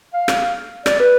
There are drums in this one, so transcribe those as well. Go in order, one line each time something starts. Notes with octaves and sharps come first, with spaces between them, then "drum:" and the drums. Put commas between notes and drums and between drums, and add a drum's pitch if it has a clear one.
F5
drum: rim click
D5, drum: rim click
B4